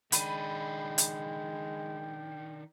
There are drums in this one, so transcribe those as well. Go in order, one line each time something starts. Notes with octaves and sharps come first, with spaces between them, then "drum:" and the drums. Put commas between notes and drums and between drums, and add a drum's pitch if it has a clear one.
D#3 G#3 D4 G5 B5 D#7, drum: hi-hat
drum: hi-hat